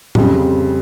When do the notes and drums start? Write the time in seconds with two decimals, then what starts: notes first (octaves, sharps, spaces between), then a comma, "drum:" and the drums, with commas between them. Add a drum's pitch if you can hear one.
0.15 F2 C#3 G3, drum: tom A2